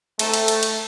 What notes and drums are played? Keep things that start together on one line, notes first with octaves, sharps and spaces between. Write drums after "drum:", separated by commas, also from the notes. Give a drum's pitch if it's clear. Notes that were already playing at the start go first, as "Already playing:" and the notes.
A3 C4 D#4 A4 C5, drum: cymbal
drum: cymbal
drum: cymbal
drum: cymbal